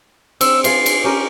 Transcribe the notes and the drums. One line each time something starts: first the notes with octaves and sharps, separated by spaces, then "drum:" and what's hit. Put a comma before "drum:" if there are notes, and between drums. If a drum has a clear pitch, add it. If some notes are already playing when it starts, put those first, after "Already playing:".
C4 E6, drum: cymbal
B3 F4 G#4 C7, drum: cymbal
drum: cymbal
C#4 G4 A#4